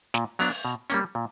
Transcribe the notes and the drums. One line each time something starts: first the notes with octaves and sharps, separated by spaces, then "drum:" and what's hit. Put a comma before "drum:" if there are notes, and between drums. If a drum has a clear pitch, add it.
A#2, drum: snare
F#3 B3 D4, drum: open hi-hat
B2
G3 A#3 C#4, drum: hi-hat
A#2